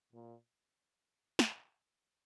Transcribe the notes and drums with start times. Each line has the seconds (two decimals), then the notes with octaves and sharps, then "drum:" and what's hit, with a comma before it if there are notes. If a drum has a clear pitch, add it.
0.13 A#2
1.39 drum: snare